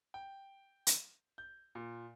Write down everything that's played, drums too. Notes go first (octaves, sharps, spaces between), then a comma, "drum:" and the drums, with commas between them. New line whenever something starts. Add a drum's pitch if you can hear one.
G5
drum: hi-hat
G6
A#2